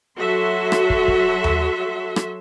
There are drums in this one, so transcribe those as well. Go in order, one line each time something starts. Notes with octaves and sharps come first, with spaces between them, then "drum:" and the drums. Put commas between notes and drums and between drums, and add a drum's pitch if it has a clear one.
F#3 F#4 A4 E5 C6
drum: rim click
drum: kick
drum: kick
drum: tom D#2
drum: rim click